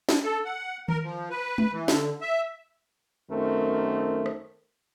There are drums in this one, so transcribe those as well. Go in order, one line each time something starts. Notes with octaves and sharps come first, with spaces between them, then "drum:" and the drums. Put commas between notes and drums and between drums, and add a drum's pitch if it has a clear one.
drum: snare
A4
F#5
A#4, drum: tom D#3
F3
B4
drum: tom G#3
E3
D3, drum: snare
E5
F#2 D#3 A3 C4 A#4
drum: rim click